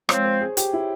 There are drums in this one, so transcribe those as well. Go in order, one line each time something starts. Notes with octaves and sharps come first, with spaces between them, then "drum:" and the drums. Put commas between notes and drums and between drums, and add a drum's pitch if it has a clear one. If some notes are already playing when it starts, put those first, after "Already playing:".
F3 G#3 C4 C#5, drum: rim click
C5
G#4
G4, drum: hi-hat
E4